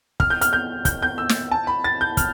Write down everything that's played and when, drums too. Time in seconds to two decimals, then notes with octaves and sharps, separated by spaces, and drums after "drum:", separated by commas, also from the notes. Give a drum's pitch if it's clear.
0.20 F6, drum: kick
0.30 G6
0.41 F6, drum: hi-hat
0.53 G6
0.85 G6, drum: kick, hi-hat
1.02 G6
1.18 E6
1.29 drum: snare
1.51 A5
1.67 B5
1.84 A6
2.01 G6
2.17 F6, drum: kick, hi-hat